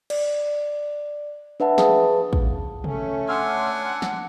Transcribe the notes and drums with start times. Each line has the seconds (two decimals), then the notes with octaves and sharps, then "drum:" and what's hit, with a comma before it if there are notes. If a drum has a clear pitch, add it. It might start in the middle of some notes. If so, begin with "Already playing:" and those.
0.10 D5, drum: cymbal
1.60 D4 B4 E5 F#5 A5
1.78 G#4 B4 F5 A5 D#6, drum: snare
2.33 drum: kick
2.84 A3 C#4, drum: tom
3.29 D4 F#5 G#5 C6 E6 F6
4.02 drum: snare